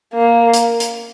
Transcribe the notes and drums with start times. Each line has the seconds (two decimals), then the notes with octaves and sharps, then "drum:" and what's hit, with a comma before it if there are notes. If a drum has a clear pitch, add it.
0.14 A#3
0.54 drum: hi-hat
0.80 drum: hi-hat